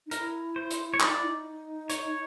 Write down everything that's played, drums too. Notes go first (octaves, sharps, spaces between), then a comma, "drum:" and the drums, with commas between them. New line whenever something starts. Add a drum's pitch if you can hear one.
D#4
E4 A#4, drum: hi-hat
C5
drum: hi-hat
C#5
D#4 D5, drum: clap
E4
D#4
C#5, drum: hi-hat